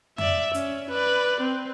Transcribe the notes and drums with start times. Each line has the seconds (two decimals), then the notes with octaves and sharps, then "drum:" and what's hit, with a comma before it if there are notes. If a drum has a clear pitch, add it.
0.18 D5 E5, drum: tom F2
0.54 C#4, drum: hi-hat
0.90 B4 D5
1.41 C4